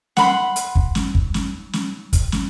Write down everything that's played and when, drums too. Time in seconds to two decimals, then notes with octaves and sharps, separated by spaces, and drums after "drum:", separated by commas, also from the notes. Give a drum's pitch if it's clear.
0.17 F#5 B5 C6, drum: snare
0.56 drum: hi-hat
0.75 drum: kick
0.95 drum: snare
1.15 drum: kick
1.34 drum: snare
1.73 drum: snare
2.13 drum: kick, hi-hat
2.32 drum: snare